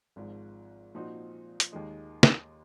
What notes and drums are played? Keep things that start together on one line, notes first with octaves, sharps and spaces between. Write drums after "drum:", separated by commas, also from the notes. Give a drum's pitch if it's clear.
G#1 G#2 F3
A#2 F3 C4 D#4 F#4
drum: hi-hat
D#2 D#3 G#3 D#4
drum: snare